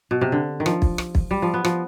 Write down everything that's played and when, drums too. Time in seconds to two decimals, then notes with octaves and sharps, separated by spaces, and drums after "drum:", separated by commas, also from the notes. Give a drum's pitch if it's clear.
0.11 B2
0.21 C3
0.32 D3
0.60 D#3
0.66 F3, drum: rim click
0.82 drum: kick
0.98 drum: rim click
1.15 drum: kick
1.31 G3
1.42 F3
1.54 B3
1.65 F3, drum: rim click